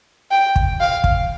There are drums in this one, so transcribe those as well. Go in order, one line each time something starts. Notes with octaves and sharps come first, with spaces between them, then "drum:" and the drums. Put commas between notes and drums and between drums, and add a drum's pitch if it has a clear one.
G5
drum: kick
F5
drum: kick